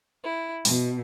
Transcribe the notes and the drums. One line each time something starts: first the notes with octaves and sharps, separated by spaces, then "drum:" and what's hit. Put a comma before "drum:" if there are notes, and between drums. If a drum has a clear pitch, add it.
E4
B2, drum: open hi-hat